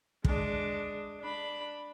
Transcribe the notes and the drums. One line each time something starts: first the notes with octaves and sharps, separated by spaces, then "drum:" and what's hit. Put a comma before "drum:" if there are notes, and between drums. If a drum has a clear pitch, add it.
G#3 D4, drum: kick
D4 B5